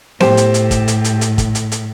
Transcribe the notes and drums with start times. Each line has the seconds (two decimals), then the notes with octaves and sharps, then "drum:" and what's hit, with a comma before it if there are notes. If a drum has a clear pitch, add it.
0.20 A2 G4 C5, drum: snare B3
0.37 drum: hi-hat
0.54 drum: hi-hat
0.71 drum: kick, hi-hat
0.88 drum: hi-hat
1.04 drum: hi-hat
1.21 drum: hi-hat
1.38 drum: kick, hi-hat
1.55 drum: hi-hat
1.72 drum: hi-hat